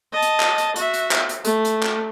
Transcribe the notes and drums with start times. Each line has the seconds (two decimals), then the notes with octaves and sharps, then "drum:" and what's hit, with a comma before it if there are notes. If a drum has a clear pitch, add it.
0.12 D#5 A5
0.22 drum: hi-hat
0.40 drum: clap
0.58 drum: hi-hat
0.76 F#4 E5, drum: hi-hat
0.94 drum: hi-hat
1.11 drum: clap
1.29 drum: hi-hat
1.45 A3, drum: hi-hat
1.65 drum: hi-hat
1.83 drum: clap